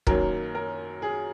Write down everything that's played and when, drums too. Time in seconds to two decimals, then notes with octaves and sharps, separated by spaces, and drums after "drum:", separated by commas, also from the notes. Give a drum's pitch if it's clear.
0.07 F#2 D#3 F#3 A#3 A#4, drum: kick
0.55 A#4
1.02 G#4